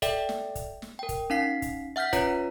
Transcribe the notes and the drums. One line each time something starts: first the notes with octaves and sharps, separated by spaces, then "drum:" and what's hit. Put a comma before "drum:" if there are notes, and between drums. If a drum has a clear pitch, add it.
A4 D5 E5 G5, drum: kick, hi-hat
drum: snare
drum: kick, hi-hat
drum: snare
A#4 G5
drum: kick, hi-hat
C#4 D#4 F5 B6 C7
drum: kick, hi-hat
E5 F#5 F6 G6 B6
C#4 F4 B4 C#5 A#5, drum: kick, hi-hat